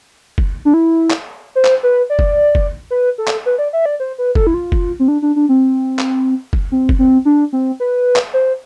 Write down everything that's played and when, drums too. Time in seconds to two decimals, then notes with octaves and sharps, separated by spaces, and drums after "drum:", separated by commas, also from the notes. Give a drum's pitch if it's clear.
0.38 drum: kick
0.65 D4
0.74 E4
1.10 drum: clap
1.55 C5
1.65 drum: clap
1.83 B4
2.10 D5
2.19 drum: kick
2.55 drum: kick
2.91 B4
3.18 A4
3.27 drum: clap
3.46 B4
3.58 D5
3.73 E5
3.86 D5
4.00 C5
4.18 B4
4.35 A4, drum: kick
4.47 E4
4.54 F4
4.72 drum: kick
4.99 C4
5.08 D4
5.22 D4
5.36 D4
5.49 C4
5.99 drum: clap
6.53 drum: kick
6.72 C4
6.89 drum: kick
6.99 C4
7.25 D4
7.53 C4
7.80 B4
8.16 drum: clap
8.33 C5